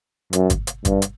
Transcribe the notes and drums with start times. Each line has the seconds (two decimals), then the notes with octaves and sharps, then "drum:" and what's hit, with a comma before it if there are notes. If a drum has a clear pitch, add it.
0.33 F#2, drum: hi-hat
0.50 drum: kick, hi-hat
0.67 drum: hi-hat
0.85 G2, drum: kick, hi-hat
1.02 drum: hi-hat